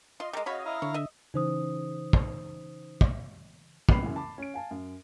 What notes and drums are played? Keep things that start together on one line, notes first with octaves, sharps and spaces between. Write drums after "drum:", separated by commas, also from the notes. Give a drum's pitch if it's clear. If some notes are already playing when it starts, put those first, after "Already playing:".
F4 D#5 C6
G3 G#3 A#4 D6
C#3 F#4 C#5 F5 B5
E4 F5 A#5
D3 C#5
D#5 E5
C#3 E3 D#4 C5 D#6
drum: kick
drum: kick
F#1 G3 B3 B5 C7, drum: kick
F#2 C#3 E3
A5 B5 D6
C#4 D7
F5 G#5 A5
F#2